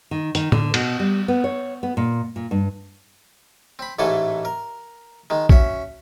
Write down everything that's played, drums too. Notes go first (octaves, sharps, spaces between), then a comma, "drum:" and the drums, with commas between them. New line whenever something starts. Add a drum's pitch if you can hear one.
D#3
D#3, drum: hi-hat
D3, drum: tom A2
B2, drum: cymbal
G3
B3
C#5
B3
A#2
A#2
G2
C4 B5
A1 G#2 E3 A3 A4 G#5
A#4
D#3 G#3
C#4 F#4 E5, drum: kick A#1